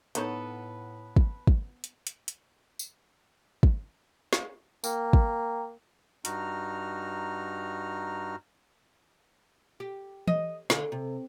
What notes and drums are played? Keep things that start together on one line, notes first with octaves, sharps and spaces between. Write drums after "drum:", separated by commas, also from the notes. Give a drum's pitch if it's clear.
A2 A3 B3 D#4 A4 B4 C#5 F#5, drum: hi-hat
drum: kick
drum: kick
drum: hi-hat
drum: hi-hat
drum: hi-hat
drum: tambourine
drum: kick
drum: snare
A#3 G5 A#5, drum: tambourine
drum: kick
G2 D#4 F#4 A#5 F6, drum: hi-hat
G4
D#5, drum: tom E3
D3, drum: snare
C3